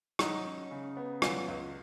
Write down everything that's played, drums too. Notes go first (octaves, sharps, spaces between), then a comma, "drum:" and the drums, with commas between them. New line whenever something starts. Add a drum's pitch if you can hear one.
F#3 D#4, drum: rim click
C#4
C#3
B3
F#3 F4, drum: rim click
C#2